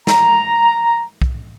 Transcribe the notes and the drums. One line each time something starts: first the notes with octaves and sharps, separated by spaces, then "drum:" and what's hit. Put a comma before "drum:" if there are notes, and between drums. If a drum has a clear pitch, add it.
A#5, drum: snare
drum: kick